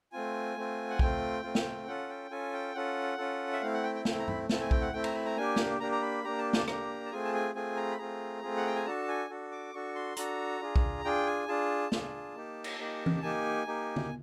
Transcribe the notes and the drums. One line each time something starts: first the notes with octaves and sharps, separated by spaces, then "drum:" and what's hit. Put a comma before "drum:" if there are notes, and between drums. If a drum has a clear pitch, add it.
A3 C4 F4 G#5
A3 C4 F4
F#5
A3 C4 F4 G5, drum: kick
A3 C4 F4
drum: snare
C#4 F4 A4 F#5
G5
C#4 F4 A4 G#5
G5
C#4 F4 A4 F#5
C#4 F4 A4
E5
A3 C4 E4 F5
F#5
G5
G5
A3 C4 E4 G5, drum: snare
A#5
B5, drum: tom G2
A3 C4 E4 A5, drum: snare
G#5
G5, drum: kick
F#5
A3 C4 E4 G5
A#5, drum: cymbal
B5
A#5
A#3 D4 G4 G#5
drum: snare
A#3 D4 G4 A#5
A#5
B5
A#3 D4 G4 A#5
A5
A5, drum: snare
A#3 D4 G4 A#5, drum: rim click
A5
A3 C4 F4 G#4 G#5
A5
G#5
A3 C4 F4 G#4 G#5
A#5
B5
A3 C4 F4 G#4 A#5
A3 C4 F4 G#4
F#5
G5
G#5
D4 F#4 A4 A5
G#5
D4 F#4 A4
D6
D4 F#4 A4 C#6
C6
D4 F#4 A4 A#5, drum: hi-hat
D4 F4 G#4
drum: kick
D4 F4 G#4 G5
G#5
D4 F4 G#4 A5
D4 F4 G#4, drum: snare
A#3 D#4 G4
drum: cymbal
A#3 D#4 G4
drum: tom E3
A#3 D#4 G4 G#5
A#3 D#4 G4
drum: tom